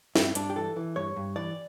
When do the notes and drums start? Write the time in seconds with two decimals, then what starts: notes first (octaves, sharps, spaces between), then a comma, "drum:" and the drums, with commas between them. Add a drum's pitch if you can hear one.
0.16 G2 E4, drum: snare
0.35 G2 D4, drum: hi-hat
0.50 G4
0.56 E3 A4
0.76 E3
0.96 G2 C#5
1.16 G2
1.36 E3 D5